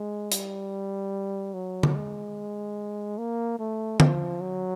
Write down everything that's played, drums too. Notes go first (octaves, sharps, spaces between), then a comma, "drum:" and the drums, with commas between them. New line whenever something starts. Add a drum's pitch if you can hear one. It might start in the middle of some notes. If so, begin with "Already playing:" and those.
Already playing: G#3
G3, drum: hi-hat
F#3
drum: tom D3
G#3
A#3
A3
F3, drum: tom D3
F#3